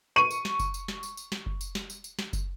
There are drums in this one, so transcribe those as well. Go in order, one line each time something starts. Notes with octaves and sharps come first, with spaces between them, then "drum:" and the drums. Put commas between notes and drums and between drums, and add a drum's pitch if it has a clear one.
C#6 D#7
drum: tambourine
drum: snare
drum: kick F#1, tambourine
drum: tambourine
drum: snare
drum: tambourine
drum: tambourine
drum: snare
drum: kick F#1
drum: tambourine
drum: snare
drum: tambourine
drum: tambourine
drum: snare
drum: kick F#1, tambourine